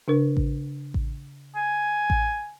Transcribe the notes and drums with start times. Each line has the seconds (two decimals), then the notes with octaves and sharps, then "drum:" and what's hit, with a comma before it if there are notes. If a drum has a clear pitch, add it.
0.08 C#3 D4 A#4
0.37 drum: kick A1
0.94 drum: kick A1
1.56 G#5
2.10 drum: kick A1